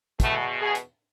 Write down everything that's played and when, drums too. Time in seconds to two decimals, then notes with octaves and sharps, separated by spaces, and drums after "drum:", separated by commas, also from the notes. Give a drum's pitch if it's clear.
0.20 E2 B2 A3, drum: kick, hi-hat
0.61 G#4
0.75 drum: hi-hat